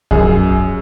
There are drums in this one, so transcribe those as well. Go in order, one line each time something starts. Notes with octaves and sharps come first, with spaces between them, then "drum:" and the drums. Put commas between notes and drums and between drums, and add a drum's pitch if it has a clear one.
F#2 G#4, drum: kick